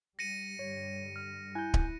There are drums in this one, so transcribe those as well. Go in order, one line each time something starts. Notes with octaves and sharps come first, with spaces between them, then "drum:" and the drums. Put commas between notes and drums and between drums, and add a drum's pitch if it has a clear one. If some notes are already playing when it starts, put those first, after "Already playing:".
G3 A#6 C#7 D#7
G2 D3 G3 C#5
F6
E4 G#5 F#6 G6
drum: kick D1